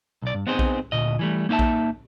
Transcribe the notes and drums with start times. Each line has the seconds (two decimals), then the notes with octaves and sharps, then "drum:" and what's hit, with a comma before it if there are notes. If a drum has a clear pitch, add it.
0.22 B1 D5
0.34 G2
0.47 B3 C4 D#4 G#4 C5
0.59 drum: kick A#1
0.92 D2 A#2 D#5
1.19 E3 G3 A3
1.49 A#3 D#4 E4 E5 A5
1.59 drum: kick A#1